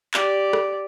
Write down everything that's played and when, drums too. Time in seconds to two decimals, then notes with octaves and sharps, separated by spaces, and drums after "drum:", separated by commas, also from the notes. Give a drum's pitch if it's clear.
0.14 G4 D5, drum: clap
0.53 drum: rim click